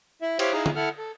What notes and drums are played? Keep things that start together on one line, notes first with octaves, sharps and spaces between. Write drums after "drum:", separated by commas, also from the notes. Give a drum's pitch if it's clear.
E4 E5
E4 G4 C5 C#5 F5 G5, drum: cymbal
D#4 E4 G#4 D#5 F5 A#5
drum: tom
E4 A4 F#5 F6
A4